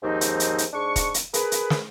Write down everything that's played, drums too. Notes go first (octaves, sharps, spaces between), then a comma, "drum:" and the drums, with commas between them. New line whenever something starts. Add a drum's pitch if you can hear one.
D#2 G#2 F3 C4 D#4
drum: hi-hat
drum: hi-hat
drum: hi-hat
G#2 D4 C#6
drum: kick, hi-hat
drum: hi-hat
G#4 A#4 B4, drum: hi-hat
drum: hi-hat
drum: snare